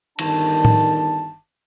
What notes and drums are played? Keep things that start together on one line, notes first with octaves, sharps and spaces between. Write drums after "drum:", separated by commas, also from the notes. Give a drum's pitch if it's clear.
G1 D#3 D4 A5, drum: cymbal
drum: tom A2